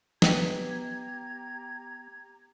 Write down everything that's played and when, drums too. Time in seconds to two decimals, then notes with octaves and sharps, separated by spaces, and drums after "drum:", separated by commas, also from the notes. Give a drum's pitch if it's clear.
0.22 B3 G4 B4 D#5 G5 A#5 G#6, drum: snare